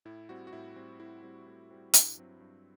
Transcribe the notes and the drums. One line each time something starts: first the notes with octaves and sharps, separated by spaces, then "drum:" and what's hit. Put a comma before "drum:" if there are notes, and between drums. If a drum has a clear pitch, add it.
A2 E4
G3 C4 F#4
F#4
A2 E4
G3 C4
A2 E4
G3 C4
A2
G3 C4
G2, drum: hi-hat
F#3 C4
G2